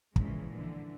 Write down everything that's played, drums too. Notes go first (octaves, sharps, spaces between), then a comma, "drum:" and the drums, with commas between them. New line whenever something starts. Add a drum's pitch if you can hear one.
A#2 C#3 E3 F3 G#3, drum: kick
D3 E3